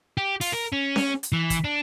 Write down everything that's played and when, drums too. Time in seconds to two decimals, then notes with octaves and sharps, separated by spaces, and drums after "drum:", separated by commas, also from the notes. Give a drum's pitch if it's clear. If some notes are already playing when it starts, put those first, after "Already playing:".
0.18 G4
0.41 F4, drum: open hi-hat
0.53 A#4
0.73 C#4
0.96 drum: snare C#4
1.23 drum: hi-hat
1.32 E3
1.50 drum: kick, hi-hat
1.65 D4